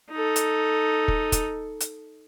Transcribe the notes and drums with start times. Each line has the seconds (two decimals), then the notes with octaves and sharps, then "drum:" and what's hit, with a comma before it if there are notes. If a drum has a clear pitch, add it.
0.12 D#4 A4
0.36 drum: hi-hat
1.08 drum: kick
1.32 drum: kick, hi-hat
1.80 drum: hi-hat